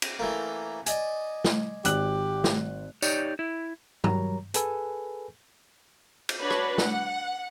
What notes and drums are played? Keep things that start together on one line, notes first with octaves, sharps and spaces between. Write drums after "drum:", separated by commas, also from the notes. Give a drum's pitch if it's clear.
drum: cymbal
E3 A3 A#3
D5 D#5 G#5, drum: hi-hat
drum: snare
G#1 G4 F#6 F#7, drum: hi-hat
drum: snare
D#4 G4 C#5 D5, drum: tambourine
E4
F#3 G3 A#4 C#5 A#5, drum: tom G2
G#4 A4 B4 G#5 E6, drum: hi-hat
drum: cymbal
D4 F#4 B4 C#5
drum: rim click
F#5, drum: snare